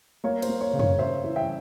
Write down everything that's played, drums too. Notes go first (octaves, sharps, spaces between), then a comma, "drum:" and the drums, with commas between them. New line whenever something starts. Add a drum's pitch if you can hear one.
A#3 C#5
C5, drum: cymbal
A#3
C#5
C#3
C#5, drum: tom
C#4 C5 E5
E3
E5 G5